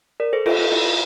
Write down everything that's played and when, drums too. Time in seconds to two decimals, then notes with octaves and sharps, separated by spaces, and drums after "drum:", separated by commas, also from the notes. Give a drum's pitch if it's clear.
0.20 A#4 D5
0.33 A4 C5
0.46 F4 A4, drum: cymbal
0.59 F4
0.72 E4